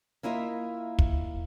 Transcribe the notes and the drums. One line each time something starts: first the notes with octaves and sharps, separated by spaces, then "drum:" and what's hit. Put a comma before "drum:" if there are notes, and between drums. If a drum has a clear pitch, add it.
A#3 E4 F4 D#5 E5
drum: kick